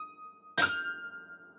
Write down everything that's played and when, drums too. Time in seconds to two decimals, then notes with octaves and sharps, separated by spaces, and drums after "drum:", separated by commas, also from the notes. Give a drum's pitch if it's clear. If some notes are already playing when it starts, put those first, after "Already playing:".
Already playing: D#6
0.58 G6, drum: hi-hat
0.62 F6